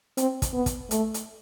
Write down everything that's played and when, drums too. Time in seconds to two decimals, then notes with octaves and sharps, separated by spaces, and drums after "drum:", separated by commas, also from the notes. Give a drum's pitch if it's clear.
0.17 C4, drum: hi-hat
0.42 drum: kick, hi-hat
0.53 B3
0.66 drum: kick, hi-hat
0.91 A3, drum: hi-hat
1.14 drum: hi-hat